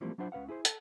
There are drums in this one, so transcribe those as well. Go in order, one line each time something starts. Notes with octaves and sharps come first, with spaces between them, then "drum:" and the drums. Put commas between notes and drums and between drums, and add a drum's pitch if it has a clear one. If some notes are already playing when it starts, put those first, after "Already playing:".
E3 F3 G3 A3 A#3 C4
F#3 D4 E4 F4 C5 F#5
C#2 C#3 B4 F5 F#5
E4 G#4 B4 C5
A4, drum: hi-hat